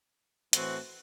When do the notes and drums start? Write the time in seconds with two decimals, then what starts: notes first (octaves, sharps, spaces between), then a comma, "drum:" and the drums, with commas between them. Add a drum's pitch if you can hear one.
0.53 A2 E3 C4 F#4, drum: hi-hat